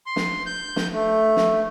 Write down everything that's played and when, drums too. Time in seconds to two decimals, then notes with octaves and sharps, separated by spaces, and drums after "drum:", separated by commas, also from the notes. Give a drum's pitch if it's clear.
0.06 C6
0.16 drum: snare
0.46 G6
0.76 drum: snare
0.94 A3
1.36 drum: snare